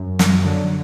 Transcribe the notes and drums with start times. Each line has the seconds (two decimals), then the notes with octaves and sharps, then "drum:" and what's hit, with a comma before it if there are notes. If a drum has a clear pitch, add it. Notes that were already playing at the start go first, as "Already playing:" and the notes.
Already playing: F#2
0.19 F#3, drum: snare
0.44 D3